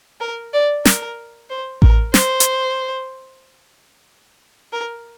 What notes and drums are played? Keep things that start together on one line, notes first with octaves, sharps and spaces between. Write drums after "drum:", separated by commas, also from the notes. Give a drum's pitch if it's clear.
A#4
D5
A#4, drum: snare
C5
A#4, drum: kick A1
C5, drum: snare
drum: hi-hat
A#4